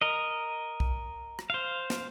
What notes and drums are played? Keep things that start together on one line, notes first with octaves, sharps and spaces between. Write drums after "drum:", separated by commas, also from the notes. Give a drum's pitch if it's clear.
A#4 D#5
drum: kick
drum: rim click
C5 F5
drum: snare